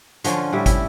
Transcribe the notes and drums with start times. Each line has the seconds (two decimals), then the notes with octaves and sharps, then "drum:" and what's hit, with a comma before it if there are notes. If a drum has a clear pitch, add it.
0.24 D3 F3 C#4 F4, drum: hi-hat
0.53 A2 G3 E4
0.66 E4, drum: kick, hi-hat